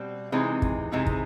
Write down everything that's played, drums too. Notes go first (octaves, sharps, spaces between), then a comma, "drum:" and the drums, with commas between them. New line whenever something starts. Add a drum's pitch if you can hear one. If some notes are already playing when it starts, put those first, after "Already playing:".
Already playing: B2 G3 C4
C3 E3 G#3 C4 D#4
drum: kick
C3 E3 G#3 C4 D#4
drum: kick